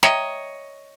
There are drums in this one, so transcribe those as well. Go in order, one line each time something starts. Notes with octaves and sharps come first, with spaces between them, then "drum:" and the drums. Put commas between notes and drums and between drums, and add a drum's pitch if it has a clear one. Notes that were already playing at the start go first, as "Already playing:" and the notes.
C#5 D#5 E5 G5 A#5, drum: snare